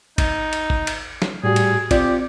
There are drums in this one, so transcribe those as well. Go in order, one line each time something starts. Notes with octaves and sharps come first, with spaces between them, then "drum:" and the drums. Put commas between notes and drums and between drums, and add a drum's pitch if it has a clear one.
D#4, drum: kick G#1, cymbal
drum: cymbal
drum: kick G#1
drum: cymbal
drum: snare
A2 G3 F#4 G#4
drum: cymbal
C4 F4 G4 D5, drum: kick G#1, cymbal